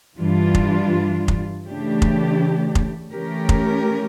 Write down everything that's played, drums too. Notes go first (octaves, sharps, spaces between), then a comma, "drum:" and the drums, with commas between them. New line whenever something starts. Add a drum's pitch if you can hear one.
G2 E3 G3 D4 F4
drum: kick F1
drum: kick F1
C#3 E3 A3 D4 G4
drum: kick F1
drum: kick F1
E3 A3 C#4 G4 A#4
drum: kick F1